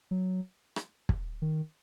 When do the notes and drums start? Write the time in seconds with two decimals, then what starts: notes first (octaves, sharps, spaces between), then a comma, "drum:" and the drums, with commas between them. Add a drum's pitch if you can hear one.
0.11 F#3
0.76 drum: rim click
1.09 drum: kick
1.42 D#3